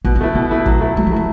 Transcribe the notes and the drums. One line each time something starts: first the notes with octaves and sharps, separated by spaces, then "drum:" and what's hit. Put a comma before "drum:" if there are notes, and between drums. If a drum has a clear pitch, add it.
B2 B3, drum: kick
B3
A3 E4
B2 B3
A3 E4
F#3, drum: kick
A3 E4
F#3 A3
F#3
E3 A3 E4